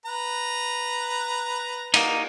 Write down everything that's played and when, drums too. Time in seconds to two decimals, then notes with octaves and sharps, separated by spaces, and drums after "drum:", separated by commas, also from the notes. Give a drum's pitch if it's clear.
0.06 B4 A#5
1.94 A#3 D#4, drum: cymbal